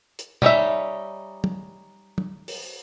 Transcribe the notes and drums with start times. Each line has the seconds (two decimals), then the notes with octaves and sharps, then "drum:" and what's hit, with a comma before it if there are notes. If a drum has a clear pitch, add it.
0.19 drum: hi-hat
0.42 G3 C#4 D#4 E5, drum: tom
1.44 drum: tom
2.18 drum: tom
2.48 drum: open hi-hat